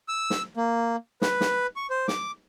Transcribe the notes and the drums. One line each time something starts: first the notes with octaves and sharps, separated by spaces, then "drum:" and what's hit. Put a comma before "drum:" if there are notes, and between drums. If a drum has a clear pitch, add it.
E6
drum: snare
A#3
B4, drum: snare
drum: snare
C#6
C5
D6, drum: snare